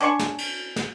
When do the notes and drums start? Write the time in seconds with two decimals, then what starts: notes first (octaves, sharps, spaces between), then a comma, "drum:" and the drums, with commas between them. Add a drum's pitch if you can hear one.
0.01 C#4 D4 D5 C#6
0.19 drum: snare
0.38 drum: cymbal
0.76 drum: snare